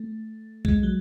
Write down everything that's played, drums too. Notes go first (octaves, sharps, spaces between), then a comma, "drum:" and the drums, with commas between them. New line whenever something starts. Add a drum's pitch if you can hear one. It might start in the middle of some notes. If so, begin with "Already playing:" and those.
Already playing: A3
G#3, drum: kick
F#3